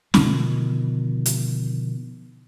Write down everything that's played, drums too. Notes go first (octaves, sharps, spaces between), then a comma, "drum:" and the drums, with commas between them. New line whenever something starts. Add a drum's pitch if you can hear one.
B2 D3 D#3 F3, drum: snare
drum: hi-hat